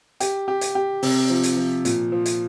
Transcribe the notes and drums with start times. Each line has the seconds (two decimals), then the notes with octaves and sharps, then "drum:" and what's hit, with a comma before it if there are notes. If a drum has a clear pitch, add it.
0.20 G4, drum: hi-hat
0.48 G4
0.61 drum: hi-hat
0.75 G4
1.03 C3, drum: open hi-hat
1.30 F3
1.43 drum: hi-hat
1.57 F3
1.85 A#2, drum: hi-hat
2.12 F3
2.26 drum: hi-hat